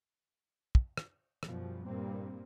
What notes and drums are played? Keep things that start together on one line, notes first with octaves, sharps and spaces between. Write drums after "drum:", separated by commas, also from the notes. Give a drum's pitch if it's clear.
drum: kick
drum: rim click
F#2 B2 F3 G3, drum: rim click
G2 A#2 G3 A#3 C4